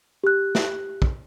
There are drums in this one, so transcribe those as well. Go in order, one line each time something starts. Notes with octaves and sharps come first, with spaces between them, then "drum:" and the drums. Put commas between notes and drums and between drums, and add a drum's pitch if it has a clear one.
G4 F#6
drum: snare
drum: kick